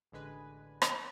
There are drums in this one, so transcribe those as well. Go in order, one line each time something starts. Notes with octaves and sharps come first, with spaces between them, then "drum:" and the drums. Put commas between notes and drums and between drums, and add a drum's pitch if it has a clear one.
A1 D3 G#3 B4 G#5
drum: rim click